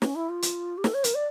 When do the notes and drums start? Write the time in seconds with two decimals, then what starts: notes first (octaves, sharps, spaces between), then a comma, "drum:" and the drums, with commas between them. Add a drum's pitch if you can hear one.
0.02 C#4, drum: snare
0.15 E4
0.29 F4
0.42 drum: hi-hat
0.77 G4
0.84 A4, drum: snare
0.94 C#5
1.04 A#4, drum: hi-hat
1.14 D5